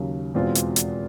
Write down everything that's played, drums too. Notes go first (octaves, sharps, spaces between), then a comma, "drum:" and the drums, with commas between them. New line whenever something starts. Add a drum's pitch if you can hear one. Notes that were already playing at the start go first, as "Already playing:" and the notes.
Already playing: D#2 C#3 F#3
E2 B2 G#3 C4 F4
drum: hi-hat
drum: hi-hat